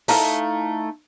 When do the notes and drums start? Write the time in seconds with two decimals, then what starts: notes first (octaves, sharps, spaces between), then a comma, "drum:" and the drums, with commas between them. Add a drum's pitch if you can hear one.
0.08 A3 D#4 E4 F5, drum: open hi-hat